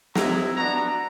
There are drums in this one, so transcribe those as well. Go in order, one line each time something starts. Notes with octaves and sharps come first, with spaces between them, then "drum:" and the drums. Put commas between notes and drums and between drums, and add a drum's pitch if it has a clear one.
G#3 C4 E4 A#5, drum: snare
B3 D4 F#4 A#5